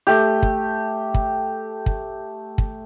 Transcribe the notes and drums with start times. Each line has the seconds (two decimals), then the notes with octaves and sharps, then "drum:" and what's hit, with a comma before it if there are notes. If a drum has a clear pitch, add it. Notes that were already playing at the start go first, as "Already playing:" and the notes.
0.07 A3 G4
0.43 drum: kick
1.14 drum: kick
1.86 drum: kick
2.58 drum: kick